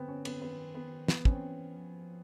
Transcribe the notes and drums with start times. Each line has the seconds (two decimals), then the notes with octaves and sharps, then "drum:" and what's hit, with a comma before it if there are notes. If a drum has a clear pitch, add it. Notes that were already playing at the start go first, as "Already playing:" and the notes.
Already playing: D3 B3 C4
0.08 C#4
0.25 B3, drum: cymbal
0.41 D#3 B3
0.75 B3
1.08 E3 B3, drum: snare
1.25 C#4, drum: kick
1.31 C4
1.76 F3